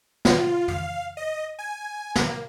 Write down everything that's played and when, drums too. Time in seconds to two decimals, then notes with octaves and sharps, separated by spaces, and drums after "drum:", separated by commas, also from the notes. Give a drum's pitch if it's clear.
0.25 F4, drum: snare
0.68 F5, drum: tom
1.17 D#5
1.59 G#5
2.15 A#3, drum: snare